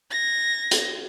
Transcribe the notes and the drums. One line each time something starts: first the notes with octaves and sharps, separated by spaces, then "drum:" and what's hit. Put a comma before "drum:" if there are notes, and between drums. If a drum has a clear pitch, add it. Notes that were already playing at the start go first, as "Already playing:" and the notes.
G#6 A#6
drum: hi-hat